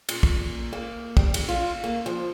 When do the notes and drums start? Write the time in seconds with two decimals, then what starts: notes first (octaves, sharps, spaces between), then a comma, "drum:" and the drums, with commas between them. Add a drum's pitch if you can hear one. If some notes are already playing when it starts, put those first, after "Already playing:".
0.09 A#2, drum: cymbal
0.23 drum: kick
0.73 A#3
1.17 G3, drum: kick
1.34 G2, drum: cymbal
1.49 F4
1.84 A#3
2.06 F3